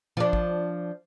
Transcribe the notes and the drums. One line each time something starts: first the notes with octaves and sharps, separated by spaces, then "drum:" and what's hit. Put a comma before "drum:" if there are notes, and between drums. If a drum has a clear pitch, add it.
F3 D4
drum: kick G#1